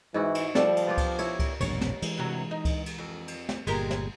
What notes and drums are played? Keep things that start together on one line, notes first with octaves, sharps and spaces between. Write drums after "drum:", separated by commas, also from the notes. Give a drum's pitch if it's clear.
G#2 E3 E4 F#4
drum: cymbal
F3 G3 A4, drum: snare
drum: cymbal
B3 F4 G4
drum: kick C#2, cymbal
E4 C#5, drum: cymbal
drum: kick C#2, cymbal
E1 A#1 G2 C#5, drum: cymbal
drum: snare
E3 G#3, drum: cymbal
G2 C3 F#3
D#4
drum: kick C#2, cymbal
drum: cymbal
F2
drum: cymbal
drum: snare
G1 A#2 G#3 G4 A#4, drum: cymbal
drum: snare